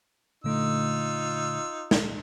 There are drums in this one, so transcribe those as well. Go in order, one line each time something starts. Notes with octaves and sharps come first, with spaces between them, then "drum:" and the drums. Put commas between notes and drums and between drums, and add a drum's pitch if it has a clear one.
A#2 D3 A3 D#4 F4 E6
drum: snare